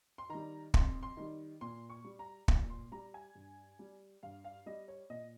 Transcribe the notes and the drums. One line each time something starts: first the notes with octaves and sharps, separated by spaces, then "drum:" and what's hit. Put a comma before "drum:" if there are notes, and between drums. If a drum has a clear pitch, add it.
C6
D#3 G3 A#5
F2 C6, drum: kick
C6
D#3 G3
A#2 C6
C#6
G3
A#5
A#2, drum: kick
C6
G3 A#5
G#5
G2
G3
G2 F5
F5
G3 D#5
C#5
A#2 D#5